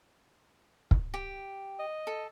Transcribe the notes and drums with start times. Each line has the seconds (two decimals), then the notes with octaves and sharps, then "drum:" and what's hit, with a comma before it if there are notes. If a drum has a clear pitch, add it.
0.91 drum: kick
1.14 G4
1.79 D#5
2.07 A4